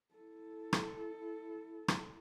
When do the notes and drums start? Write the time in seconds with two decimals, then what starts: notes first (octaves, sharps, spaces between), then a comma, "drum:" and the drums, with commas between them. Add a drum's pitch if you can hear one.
0.15 E4 A4
0.73 drum: rim click
1.88 drum: rim click